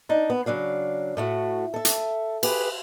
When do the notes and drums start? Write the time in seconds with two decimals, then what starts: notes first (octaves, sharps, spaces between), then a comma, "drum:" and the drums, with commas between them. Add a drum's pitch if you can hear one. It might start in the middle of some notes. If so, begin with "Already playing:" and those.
0.09 D4 D#4
0.30 B3
0.46 C#3 F#3 D4 F5
1.17 A2 A3 F#4
1.74 A4 E5
1.85 drum: hi-hat
2.43 G4 G#4 B4, drum: cymbal